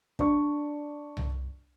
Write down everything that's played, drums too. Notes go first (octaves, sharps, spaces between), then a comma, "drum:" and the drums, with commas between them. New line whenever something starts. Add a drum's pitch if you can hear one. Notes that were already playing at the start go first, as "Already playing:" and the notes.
D4 D5 C#6, drum: kick
drum: tom C2